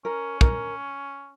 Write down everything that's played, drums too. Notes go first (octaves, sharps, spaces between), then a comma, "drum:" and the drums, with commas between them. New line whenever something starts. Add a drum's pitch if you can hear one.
C#4 A#4
A#4, drum: kick